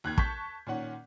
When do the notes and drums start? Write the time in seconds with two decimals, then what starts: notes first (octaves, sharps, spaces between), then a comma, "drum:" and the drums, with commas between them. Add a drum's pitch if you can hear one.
0.04 D#2 F#6 G#6
0.18 A5 C#6 G6 B6, drum: kick
0.67 A#2 D#3 C#4 F#5